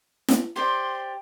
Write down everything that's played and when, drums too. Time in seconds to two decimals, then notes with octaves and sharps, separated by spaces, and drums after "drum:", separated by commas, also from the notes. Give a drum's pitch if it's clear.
0.28 drum: snare
0.56 G4 C5 D5 C6